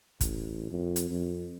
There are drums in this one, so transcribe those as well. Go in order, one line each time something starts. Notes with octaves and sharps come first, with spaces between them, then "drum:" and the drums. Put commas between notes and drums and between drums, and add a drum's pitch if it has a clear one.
A1, drum: kick, hi-hat
F2
drum: hi-hat
F2